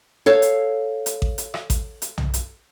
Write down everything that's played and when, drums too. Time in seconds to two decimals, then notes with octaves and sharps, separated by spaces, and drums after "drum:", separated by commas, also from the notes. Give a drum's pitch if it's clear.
0.26 A4 C#5 F5
0.42 drum: hi-hat
1.06 drum: hi-hat
1.22 drum: kick A1
1.38 drum: hi-hat
1.54 drum: rim click
1.70 drum: kick A1, hi-hat
2.02 drum: hi-hat
2.18 drum: tom B1
2.34 drum: hi-hat